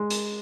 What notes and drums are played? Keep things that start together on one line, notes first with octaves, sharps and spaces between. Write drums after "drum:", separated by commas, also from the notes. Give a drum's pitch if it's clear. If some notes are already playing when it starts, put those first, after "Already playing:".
Already playing: G#3
drum: hi-hat